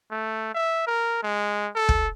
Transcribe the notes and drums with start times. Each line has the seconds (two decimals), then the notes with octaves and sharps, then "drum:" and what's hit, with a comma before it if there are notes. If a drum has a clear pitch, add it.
0.11 A3
0.54 E5
0.87 A#4
1.23 G#3
1.75 A4
1.89 drum: kick